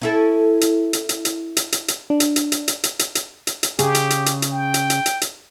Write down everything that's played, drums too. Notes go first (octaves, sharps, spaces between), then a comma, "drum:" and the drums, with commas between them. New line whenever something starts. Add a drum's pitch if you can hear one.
C#4 E4 A4
drum: hi-hat
drum: hi-hat
drum: hi-hat
drum: hi-hat
drum: hi-hat
drum: hi-hat
drum: hi-hat
D4
drum: hi-hat
drum: hi-hat
drum: hi-hat
drum: hi-hat
drum: hi-hat
drum: hi-hat
drum: hi-hat
drum: hi-hat
drum: hi-hat
C#3 G4 G#4, drum: hi-hat
drum: hi-hat
drum: hi-hat
drum: hi-hat
drum: hi-hat
G5
drum: hi-hat
drum: hi-hat
drum: hi-hat
drum: hi-hat